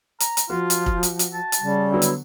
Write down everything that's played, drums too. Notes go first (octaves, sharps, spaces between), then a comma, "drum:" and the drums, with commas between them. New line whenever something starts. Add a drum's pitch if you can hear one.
A#5, drum: hi-hat
drum: hi-hat
F3 F4 F#4
drum: hi-hat
drum: kick
drum: hi-hat
drum: hi-hat
A5
drum: hi-hat
C#3 G3
D3 F#3 B3 E4
drum: hi-hat